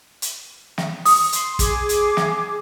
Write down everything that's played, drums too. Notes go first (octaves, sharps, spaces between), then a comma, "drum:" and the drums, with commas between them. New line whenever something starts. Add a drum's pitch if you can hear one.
drum: hi-hat
drum: snare
D#6, drum: open hi-hat
C6, drum: hi-hat
G#4 D6, drum: kick, hi-hat
drum: hi-hat
drum: snare